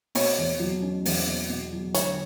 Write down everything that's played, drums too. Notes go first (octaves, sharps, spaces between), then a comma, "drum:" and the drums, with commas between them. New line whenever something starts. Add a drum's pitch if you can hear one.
B2 C#5, drum: open hi-hat
E2
F#3
C#4
E2, drum: open hi-hat
B2
B2
F#3
D3 C#5, drum: hi-hat